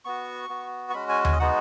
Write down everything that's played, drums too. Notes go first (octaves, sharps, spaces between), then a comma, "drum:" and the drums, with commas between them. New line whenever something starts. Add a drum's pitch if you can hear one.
B3 F#4 C#6
B3 F#4
C#6
G#3 C#4 F#4 B5
G#5
G#5, drum: tom D#2
D#5
G#3 B3 D#4 F#4 F#5